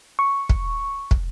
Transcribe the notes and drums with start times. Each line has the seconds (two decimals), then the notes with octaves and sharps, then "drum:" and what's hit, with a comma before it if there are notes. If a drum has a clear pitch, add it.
0.19 C#6
0.49 drum: kick
1.11 drum: kick